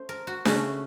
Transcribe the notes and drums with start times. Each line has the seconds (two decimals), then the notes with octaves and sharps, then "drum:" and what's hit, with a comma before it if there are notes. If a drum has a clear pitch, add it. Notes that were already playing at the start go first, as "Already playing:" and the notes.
Already playing: A3 C#4 C5
0.09 A#4
0.27 F#4
0.45 C#3 A3 C#4 F#4, drum: snare D4